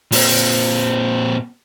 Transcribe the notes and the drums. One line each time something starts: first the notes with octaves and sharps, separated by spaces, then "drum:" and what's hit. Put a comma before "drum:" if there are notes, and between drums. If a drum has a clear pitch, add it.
A#2 C4, drum: open hi-hat